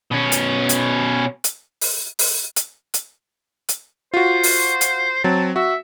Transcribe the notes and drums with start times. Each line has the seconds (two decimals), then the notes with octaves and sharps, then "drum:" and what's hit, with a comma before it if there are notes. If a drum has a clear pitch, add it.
0.12 B2 C#4
0.32 drum: hi-hat
0.69 drum: hi-hat
1.44 drum: hi-hat
1.81 drum: open hi-hat
2.19 drum: open hi-hat
2.56 drum: hi-hat
2.94 drum: hi-hat
3.69 drum: hi-hat
4.14 F4 F#4 C5
4.43 drum: open hi-hat
4.81 drum: hi-hat
5.24 F#3 C4 A5
5.56 F#4 E5